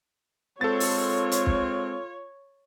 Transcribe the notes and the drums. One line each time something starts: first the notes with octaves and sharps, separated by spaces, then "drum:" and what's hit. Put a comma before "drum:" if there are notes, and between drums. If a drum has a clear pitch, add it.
G#3 C4 F4 A4 C#5 A6
drum: open hi-hat
drum: hi-hat
drum: kick